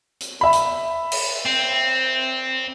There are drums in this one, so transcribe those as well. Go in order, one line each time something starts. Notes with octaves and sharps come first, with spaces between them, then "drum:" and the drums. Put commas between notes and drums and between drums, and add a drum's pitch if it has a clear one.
drum: hi-hat
E5 B5
drum: hi-hat
drum: cymbal
C4